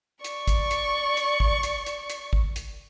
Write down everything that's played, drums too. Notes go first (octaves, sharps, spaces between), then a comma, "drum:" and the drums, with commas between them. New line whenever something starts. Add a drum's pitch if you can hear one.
D5 C#6, drum: hi-hat
drum: kick, hi-hat
drum: hi-hat
drum: hi-hat
drum: kick
drum: hi-hat
drum: hi-hat
drum: hi-hat
drum: kick
drum: hi-hat